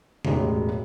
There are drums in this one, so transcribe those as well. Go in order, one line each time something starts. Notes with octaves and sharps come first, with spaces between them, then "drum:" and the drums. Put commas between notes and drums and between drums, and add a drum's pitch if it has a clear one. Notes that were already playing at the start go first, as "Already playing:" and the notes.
E1 B1 F#2 A2 G#3 G4, drum: tom C3